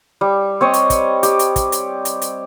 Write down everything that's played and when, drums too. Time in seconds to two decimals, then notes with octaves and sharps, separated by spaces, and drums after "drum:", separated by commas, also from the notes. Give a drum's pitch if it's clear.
0.21 G3
0.61 C4 C#5 D#5
0.74 drum: hi-hat
0.90 drum: kick, hi-hat
1.23 G4, drum: hi-hat
1.39 drum: hi-hat
1.56 drum: kick, hi-hat
1.72 drum: hi-hat
2.05 drum: hi-hat
2.22 drum: hi-hat